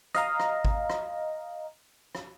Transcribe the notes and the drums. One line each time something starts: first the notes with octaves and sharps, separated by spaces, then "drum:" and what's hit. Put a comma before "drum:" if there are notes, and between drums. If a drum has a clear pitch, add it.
D#5 F5 A#5, drum: rim click
drum: rim click
drum: kick G#1
drum: rim click
drum: rim click